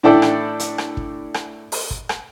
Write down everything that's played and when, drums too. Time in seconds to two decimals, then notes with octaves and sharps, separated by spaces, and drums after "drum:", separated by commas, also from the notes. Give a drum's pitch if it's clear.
0.03 A2 D4 E4 A4 D5 G5
0.22 drum: rim click
0.60 drum: hi-hat
0.78 drum: rim click
0.97 drum: kick
1.34 drum: rim click
1.72 drum: open hi-hat
1.91 drum: kick
2.09 drum: rim click